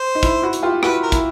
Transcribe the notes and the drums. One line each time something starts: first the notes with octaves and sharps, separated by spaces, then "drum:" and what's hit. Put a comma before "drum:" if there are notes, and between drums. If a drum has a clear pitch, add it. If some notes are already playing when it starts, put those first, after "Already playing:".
Already playing: C5
D#4
E4, drum: kick, hi-hat
E4 F#4
drum: hi-hat
F4 G4
E4 F#4 B4, drum: rim click
A#4
E4, drum: kick, hi-hat